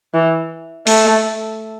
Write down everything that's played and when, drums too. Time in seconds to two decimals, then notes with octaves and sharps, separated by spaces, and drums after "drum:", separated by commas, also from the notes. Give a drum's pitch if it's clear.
0.14 E3
0.87 A3, drum: open hi-hat